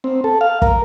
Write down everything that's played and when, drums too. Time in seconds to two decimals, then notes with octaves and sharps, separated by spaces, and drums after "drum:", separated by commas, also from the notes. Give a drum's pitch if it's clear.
0.04 C4
0.24 A4
0.41 F5
0.62 A#4, drum: kick